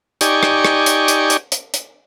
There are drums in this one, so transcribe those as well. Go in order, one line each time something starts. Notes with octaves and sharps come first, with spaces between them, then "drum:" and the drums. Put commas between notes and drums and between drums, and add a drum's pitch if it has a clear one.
D#4 G4 D5 G#5 C#6, drum: hi-hat
drum: rim click
drum: rim click
drum: hi-hat
drum: hi-hat
drum: hi-hat
drum: hi-hat
drum: hi-hat